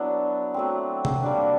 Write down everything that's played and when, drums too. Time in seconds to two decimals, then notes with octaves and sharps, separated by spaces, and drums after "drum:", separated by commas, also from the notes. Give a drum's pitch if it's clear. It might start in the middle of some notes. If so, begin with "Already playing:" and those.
Already playing: F#3 B3 D4 E4
0.54 F#3 A3 C4
1.05 drum: tom C3
1.23 G3 A#3 D4